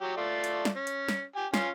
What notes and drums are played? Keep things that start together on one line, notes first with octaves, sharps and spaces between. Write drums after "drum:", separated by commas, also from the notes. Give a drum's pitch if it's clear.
F#3 G4
A3 F4 D5
drum: hi-hat
drum: snare
C#4
drum: hi-hat
drum: snare
G4 G#5
C#4 F4 G#5, drum: snare